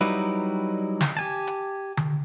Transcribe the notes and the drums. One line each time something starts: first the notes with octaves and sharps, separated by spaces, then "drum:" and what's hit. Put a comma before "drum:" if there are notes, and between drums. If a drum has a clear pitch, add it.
F#3 G3 D#4 E4 B4
drum: snare
G4 G#5 A5
drum: hi-hat
drum: tom D3